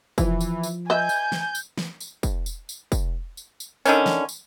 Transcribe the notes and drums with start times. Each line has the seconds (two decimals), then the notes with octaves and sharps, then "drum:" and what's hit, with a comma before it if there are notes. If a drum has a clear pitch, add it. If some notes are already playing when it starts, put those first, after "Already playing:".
0.18 E3 F3, drum: kick, tambourine
0.41 drum: tambourine
0.63 drum: tambourine
0.90 B4 D#5 E5 G#5 G6
1.09 drum: tambourine
1.32 drum: snare
1.55 drum: tambourine
1.78 drum: snare
2.00 drum: tambourine
2.23 drum: kick, tambourine
2.46 drum: tambourine
2.69 drum: tambourine
2.92 drum: kick, tambourine
3.37 drum: tambourine
3.60 drum: tambourine
3.85 D3 D#3 C#4, drum: tambourine
4.06 drum: snare
4.29 drum: tambourine